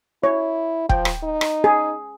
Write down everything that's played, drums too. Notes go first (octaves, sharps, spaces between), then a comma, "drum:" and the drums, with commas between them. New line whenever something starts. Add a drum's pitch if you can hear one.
E4 C#5
F3 G5, drum: kick E1
drum: rim click
D#4
drum: rim click
G#4